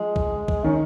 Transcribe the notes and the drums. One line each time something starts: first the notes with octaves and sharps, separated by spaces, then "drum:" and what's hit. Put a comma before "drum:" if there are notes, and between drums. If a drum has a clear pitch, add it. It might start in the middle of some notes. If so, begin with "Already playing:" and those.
Already playing: F3 G#3
drum: kick
drum: kick
D#3 C#4